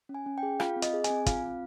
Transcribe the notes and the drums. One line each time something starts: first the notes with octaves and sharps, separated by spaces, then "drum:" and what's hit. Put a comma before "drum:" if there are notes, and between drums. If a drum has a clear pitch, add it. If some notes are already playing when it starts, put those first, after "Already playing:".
C#4
G#5
C#4
G5
G#4
F4 F5, drum: rim click
C4
D#5, drum: hi-hat
G#4
G#5, drum: hi-hat
C4
F4 F5, drum: kick, hi-hat
C4